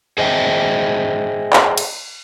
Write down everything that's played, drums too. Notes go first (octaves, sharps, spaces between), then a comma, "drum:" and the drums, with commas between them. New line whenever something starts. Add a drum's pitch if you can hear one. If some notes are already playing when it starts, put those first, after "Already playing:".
G#4 C5 D#5 E5 F#5 G5
drum: clap
drum: cymbal